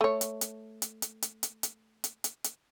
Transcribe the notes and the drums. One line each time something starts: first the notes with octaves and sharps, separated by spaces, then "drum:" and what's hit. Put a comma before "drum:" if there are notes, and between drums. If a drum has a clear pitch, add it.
A3 C#5
drum: hi-hat
drum: hi-hat
drum: hi-hat
drum: hi-hat
drum: hi-hat
drum: hi-hat
drum: hi-hat
drum: hi-hat
drum: hi-hat
drum: hi-hat